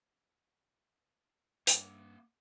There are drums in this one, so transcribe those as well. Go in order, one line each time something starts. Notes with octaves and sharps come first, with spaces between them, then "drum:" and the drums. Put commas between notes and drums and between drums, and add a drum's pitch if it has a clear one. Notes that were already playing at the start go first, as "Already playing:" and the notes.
G2 A#3 F#5, drum: hi-hat